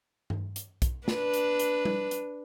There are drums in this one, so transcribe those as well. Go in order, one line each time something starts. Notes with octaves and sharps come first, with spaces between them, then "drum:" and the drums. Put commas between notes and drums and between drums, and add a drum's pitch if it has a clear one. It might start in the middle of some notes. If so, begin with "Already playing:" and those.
drum: tom G2
drum: hi-hat
drum: kick B1, hi-hat
D4 B4, drum: snare
drum: hi-hat
drum: hi-hat
drum: tom G3
drum: hi-hat